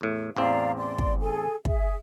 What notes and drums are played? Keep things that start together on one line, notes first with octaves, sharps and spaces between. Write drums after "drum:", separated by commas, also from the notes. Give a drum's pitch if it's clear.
E2 A2
A1 E2 C4 D5 F5 A#5
D5 C6
drum: kick
G#4 A4 G#5
G#4 E5, drum: kick